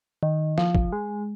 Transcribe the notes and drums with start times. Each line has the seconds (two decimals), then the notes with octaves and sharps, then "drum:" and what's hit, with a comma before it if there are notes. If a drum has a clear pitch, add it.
0.23 D#3
0.58 F3, drum: snare
0.75 drum: kick
0.92 G#3